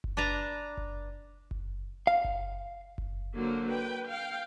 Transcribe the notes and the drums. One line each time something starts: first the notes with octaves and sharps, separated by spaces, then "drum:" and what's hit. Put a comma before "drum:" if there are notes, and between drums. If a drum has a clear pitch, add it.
drum: kick F#1
D4 B4 A5 A#5
drum: kick F#1
drum: kick F#1
F5
drum: kick F#1
drum: kick F#1
D3 F#3 A#3 F#4 A#4 C5
B4 G5
F5 G5